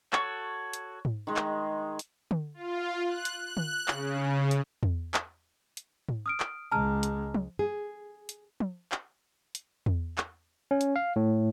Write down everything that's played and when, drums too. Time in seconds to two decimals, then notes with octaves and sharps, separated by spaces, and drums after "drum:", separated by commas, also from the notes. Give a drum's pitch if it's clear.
0.13 F#4 A4 C#5 F#5 C#6, drum: clap
0.73 drum: hi-hat
1.05 drum: tom G#2
1.27 D#3 G#3
1.36 drum: clap
1.99 drum: hi-hat
2.31 drum: tom D3
2.54 F4
3.06 F#6
3.25 drum: hi-hat
3.44 F#6
3.57 drum: tom D3
3.88 C#3, drum: clap
4.51 drum: hi-hat
4.83 drum: tom E2
5.14 drum: clap
5.77 drum: hi-hat
6.09 drum: tom G#2
6.26 D#6 F6 D7
6.40 drum: clap
6.72 C#2 G#3 A5 A#5 F6
7.03 drum: hi-hat
7.34 drum: tom
7.59 G#4
8.29 drum: hi-hat
8.60 drum: tom
8.92 drum: clap
9.55 drum: hi-hat
9.86 drum: tom E2
10.18 drum: clap
10.71 C#4
10.81 drum: hi-hat
10.96 F5
11.16 A2